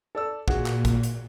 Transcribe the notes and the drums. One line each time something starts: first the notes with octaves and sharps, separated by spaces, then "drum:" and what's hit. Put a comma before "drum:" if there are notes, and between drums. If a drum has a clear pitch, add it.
A4 D5 E6
A#2 F#4 G#4 F#5, drum: kick
drum: clap
drum: kick, hi-hat
drum: hi-hat